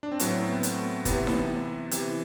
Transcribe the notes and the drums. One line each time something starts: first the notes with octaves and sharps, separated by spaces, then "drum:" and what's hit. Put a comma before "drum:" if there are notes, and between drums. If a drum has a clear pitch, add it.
D4
C4
A2 F#3 B3, drum: hi-hat
C4
B3
A3, drum: hi-hat
C3 E3 B3, drum: kick, hi-hat
drum: snare D#4
C3 E3, drum: hi-hat